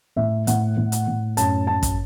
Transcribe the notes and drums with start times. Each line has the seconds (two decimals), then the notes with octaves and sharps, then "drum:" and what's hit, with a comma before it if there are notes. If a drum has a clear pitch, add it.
0.16 A2 E5
0.47 A2 F#5, drum: hi-hat
0.77 A2
0.92 drum: hi-hat
1.07 A2
1.37 F#2 A5, drum: hi-hat
1.67 F#2 A5
1.83 drum: kick, hi-hat